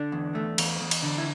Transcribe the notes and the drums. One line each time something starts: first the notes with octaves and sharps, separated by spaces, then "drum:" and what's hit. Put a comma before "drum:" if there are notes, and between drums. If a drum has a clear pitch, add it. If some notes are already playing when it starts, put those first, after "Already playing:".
Already playing: D3 D4
E2
A3
E2, drum: cymbal
E2
drum: cymbal
D3
E4